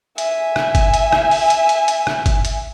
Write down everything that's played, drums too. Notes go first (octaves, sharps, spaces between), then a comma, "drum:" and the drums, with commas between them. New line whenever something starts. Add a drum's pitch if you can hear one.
E5 G#5, drum: hi-hat
drum: rim click
drum: kick G1, hi-hat
drum: hi-hat
drum: rim click
drum: open hi-hat
drum: hi-hat
drum: hi-hat
drum: hi-hat
drum: rim click
drum: kick G1, hi-hat
drum: hi-hat